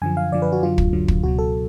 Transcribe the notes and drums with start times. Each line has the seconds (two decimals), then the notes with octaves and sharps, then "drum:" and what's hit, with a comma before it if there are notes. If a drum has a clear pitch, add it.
0.02 F#2 D3 F3 G#5
0.17 F5
0.32 F#2 D3 F3 D5
0.42 B4
0.52 F#4
0.63 F#2 D3 F#3 F4
0.78 drum: kick
0.93 F#2 D3 F#3
1.08 drum: kick
1.23 C#2 B2 F#3 F#4
1.39 A4